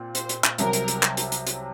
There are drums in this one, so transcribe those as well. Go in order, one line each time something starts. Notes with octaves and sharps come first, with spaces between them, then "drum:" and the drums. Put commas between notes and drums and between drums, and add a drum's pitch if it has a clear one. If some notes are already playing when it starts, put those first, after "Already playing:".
Already playing: A#2 C4
C5, drum: hi-hat
drum: hi-hat
drum: clap
C2 C3 F#3 A#4, drum: hi-hat
drum: hi-hat
drum: hi-hat
drum: clap
drum: hi-hat
drum: hi-hat
drum: hi-hat